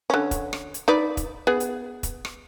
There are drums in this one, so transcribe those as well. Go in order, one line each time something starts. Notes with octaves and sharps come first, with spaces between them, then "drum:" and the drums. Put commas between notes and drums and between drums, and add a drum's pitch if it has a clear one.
D3 C#4
drum: kick E1, hi-hat
drum: rim click
drum: hi-hat
D#4 B4 D5
drum: kick E1, hi-hat
B3 G#4
drum: hi-hat
drum: kick E1, hi-hat
drum: rim click